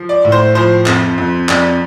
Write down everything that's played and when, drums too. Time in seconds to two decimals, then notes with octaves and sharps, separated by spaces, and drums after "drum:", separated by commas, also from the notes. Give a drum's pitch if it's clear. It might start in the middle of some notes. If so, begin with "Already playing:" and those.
Already playing: F3
0.09 D5
0.25 A2
0.32 C5
0.55 F3 C5
0.86 F2, drum: clap
1.18 F2
1.49 F2 D5, drum: clap